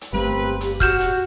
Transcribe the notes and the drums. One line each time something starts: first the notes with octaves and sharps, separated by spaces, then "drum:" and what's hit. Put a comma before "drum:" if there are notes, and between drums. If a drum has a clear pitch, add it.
drum: hi-hat
G1 G3 A3 A#3 C4 G4 B4
drum: hi-hat
F#4 F6 G6 E7, drum: kick, hi-hat
drum: hi-hat